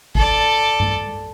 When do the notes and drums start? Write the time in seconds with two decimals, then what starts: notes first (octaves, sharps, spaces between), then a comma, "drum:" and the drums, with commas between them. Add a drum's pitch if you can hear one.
0.15 A4 D5, drum: kick G#1
0.80 drum: tom G2